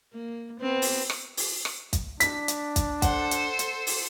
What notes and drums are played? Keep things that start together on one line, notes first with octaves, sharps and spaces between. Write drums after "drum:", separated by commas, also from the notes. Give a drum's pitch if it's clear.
A#3
B3 C4
drum: open hi-hat
drum: rim click
drum: open hi-hat
drum: rim click
drum: kick, hi-hat
D4 B6, drum: hi-hat
drum: hi-hat
drum: kick, hi-hat
A4 C5 F#5, drum: kick, hi-hat
drum: hi-hat
drum: hi-hat
drum: open hi-hat